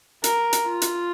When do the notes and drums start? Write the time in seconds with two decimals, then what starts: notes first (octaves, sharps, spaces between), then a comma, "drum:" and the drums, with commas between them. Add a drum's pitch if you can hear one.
0.24 A#4, drum: hi-hat
0.53 drum: hi-hat
0.67 F4
0.82 drum: hi-hat